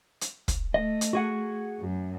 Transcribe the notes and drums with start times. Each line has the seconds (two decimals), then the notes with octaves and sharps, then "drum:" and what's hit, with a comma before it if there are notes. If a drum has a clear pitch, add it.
0.21 drum: hi-hat
0.48 drum: kick, hi-hat
0.74 A3 D#5
1.01 drum: hi-hat
1.13 F#4 G#4 F#5
1.81 F#2